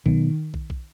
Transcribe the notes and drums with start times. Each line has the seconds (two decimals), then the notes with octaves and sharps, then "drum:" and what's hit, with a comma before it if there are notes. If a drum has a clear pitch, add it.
0.06 B2 D#3 F#3 B3, drum: kick
0.54 drum: kick
0.70 drum: kick